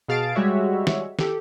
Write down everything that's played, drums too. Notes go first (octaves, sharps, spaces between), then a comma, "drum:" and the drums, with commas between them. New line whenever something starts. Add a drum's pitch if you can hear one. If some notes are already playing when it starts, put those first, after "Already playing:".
B2 G#4 F5 A5 A6 D7
G3 G#3 F#4 C#5 E5
drum: snare
G4 A4, drum: snare